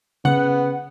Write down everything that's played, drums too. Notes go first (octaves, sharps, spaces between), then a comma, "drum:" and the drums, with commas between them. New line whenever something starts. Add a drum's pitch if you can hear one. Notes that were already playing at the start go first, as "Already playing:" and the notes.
C#3 B3 F#5, drum: tom C#3